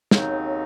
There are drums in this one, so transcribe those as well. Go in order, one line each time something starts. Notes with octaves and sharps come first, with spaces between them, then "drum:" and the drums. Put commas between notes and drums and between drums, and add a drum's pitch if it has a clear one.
D#2 C#3 F#3 C4 D#4, drum: snare